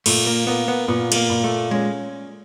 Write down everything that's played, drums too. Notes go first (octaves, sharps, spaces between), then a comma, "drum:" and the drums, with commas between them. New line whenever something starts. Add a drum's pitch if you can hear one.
A#2 A3, drum: cymbal
A#3
A#3 B3
B3
A#2 B3
A3, drum: cymbal
A#3
A#2
A3
G#3 C#4